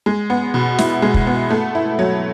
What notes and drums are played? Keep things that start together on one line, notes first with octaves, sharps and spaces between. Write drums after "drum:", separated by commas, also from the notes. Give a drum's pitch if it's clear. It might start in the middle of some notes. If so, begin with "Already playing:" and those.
G#3
B3
B2
E4, drum: snare
G#3
drum: kick
B3
A3
E4
F#3